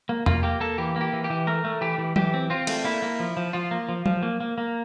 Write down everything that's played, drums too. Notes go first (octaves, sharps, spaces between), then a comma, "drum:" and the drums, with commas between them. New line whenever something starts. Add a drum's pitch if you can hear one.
A#3
A#3 F4, drum: tom E2
A#3 G4
A#3 A4
E3 G4
A#3
G4
E3
G4
E3
A3 A#4
A3
E3 G4
E3
E3 G4, drum: tom F#3
C4
C4 F4
A3, drum: cymbal
A#3 E4
A#3
F3
F3
F3 F4
A#3
F3
F3, drum: tom F#3
A#3
A#3
A#3